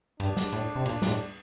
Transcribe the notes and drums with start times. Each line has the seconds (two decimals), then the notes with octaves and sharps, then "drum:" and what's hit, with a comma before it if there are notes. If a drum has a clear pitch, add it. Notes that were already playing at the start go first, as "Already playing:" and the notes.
0.20 G2 D4, drum: cymbal
0.37 drum: snare
0.52 A2, drum: cymbal
0.75 C3
0.86 A#2 D4, drum: cymbal
1.02 A#2, drum: snare
1.08 A2